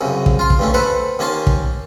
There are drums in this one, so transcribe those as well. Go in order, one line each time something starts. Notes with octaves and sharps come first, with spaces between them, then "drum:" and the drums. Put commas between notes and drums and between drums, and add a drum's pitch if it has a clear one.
C2 F#2 C#3
drum: kick
F4 C6
drum: kick
G2 A3 C#4
A4 B4 C5 F#5
D#2 A#3 C#4 G#5 A5 C6
drum: kick